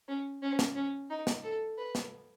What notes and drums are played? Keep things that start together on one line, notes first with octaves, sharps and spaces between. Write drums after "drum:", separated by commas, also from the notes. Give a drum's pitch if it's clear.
C#4
C#4
drum: snare
C#4
D#4
drum: snare
A4
B4
drum: snare